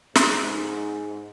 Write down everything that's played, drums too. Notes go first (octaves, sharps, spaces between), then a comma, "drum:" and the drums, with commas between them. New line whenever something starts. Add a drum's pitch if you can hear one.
G#2, drum: snare